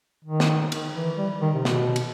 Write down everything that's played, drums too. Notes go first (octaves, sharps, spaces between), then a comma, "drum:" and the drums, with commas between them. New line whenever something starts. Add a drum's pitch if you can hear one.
D#3
drum: snare
D#3, drum: cymbal
E3
G3
D#3
C3
B2, drum: snare
drum: cymbal